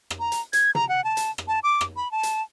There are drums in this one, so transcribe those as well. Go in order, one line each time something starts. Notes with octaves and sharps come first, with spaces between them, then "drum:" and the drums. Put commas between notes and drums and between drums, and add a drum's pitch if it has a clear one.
drum: rim click
A#5
drum: hi-hat
G#6, drum: hi-hat
A#5, drum: tom
F#5
A5
drum: hi-hat
drum: rim click
A5
D6
drum: rim click
B5
A5
drum: hi-hat